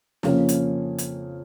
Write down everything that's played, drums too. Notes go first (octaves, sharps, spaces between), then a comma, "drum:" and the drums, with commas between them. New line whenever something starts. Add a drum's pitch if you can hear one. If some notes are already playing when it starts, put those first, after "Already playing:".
F2 C#3 F3 A#3 C#4, drum: snare
drum: hi-hat
drum: hi-hat